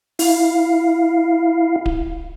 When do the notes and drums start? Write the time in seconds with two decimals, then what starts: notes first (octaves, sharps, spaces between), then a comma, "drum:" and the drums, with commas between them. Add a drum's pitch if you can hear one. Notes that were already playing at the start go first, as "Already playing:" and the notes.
0.19 E4 F5, drum: open hi-hat
1.86 drum: kick D1